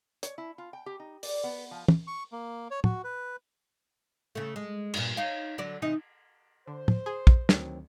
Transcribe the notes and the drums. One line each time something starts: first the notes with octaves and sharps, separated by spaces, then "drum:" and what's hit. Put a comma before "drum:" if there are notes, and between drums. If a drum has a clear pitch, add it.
C#5, drum: hi-hat
E4
F4
G5
G4
D#4
D5, drum: open hi-hat
B3
F3
drum: tom
C#6
A#3
C#5
F#4, drum: tom
B4
C#3 A3
G#3
G2 A#2, drum: cymbal
D#4 C#5 F5
D3 F#3 D5
C3 E3 D#4
D3 C5
drum: tom
G#4 C6
drum: kick
D2 D#3 F#3 C4, drum: snare